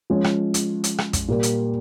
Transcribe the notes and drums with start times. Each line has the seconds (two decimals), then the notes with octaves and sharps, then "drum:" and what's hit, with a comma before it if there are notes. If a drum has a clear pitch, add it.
0.10 F3 G#3 C#4
0.24 drum: rim click
0.54 drum: hi-hat
0.84 drum: hi-hat
0.98 drum: rim click
1.13 drum: kick, hi-hat
1.28 A#2 G3 A#3
1.43 drum: hi-hat